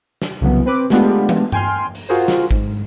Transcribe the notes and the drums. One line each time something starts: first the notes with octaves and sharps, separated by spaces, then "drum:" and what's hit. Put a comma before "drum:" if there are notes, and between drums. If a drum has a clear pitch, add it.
drum: snare
C2 C#3 E3 F#3 B3
C4 B4 D6
G#3 A3 B3 D4 F4 G4, drum: snare
drum: tom E3
G5 G#5 C6 F6, drum: tom G2
drum: open hi-hat
F4 F#4 G#4 A#4 C5
drum: snare
G#2, drum: kick G#1